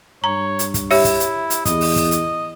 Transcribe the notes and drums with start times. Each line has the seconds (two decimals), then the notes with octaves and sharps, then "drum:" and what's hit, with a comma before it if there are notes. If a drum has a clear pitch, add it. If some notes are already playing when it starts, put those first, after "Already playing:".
0.24 G2 C#5 A#5
0.59 drum: hi-hat
0.74 drum: kick, hi-hat
0.91 E4 G4 C#5 E5, drum: open hi-hat
1.05 drum: kick, hi-hat
1.20 drum: hi-hat
1.50 drum: hi-hat
1.65 E2 D#5, drum: kick, hi-hat
1.81 drum: open hi-hat
1.96 drum: kick, hi-hat
2.11 drum: hi-hat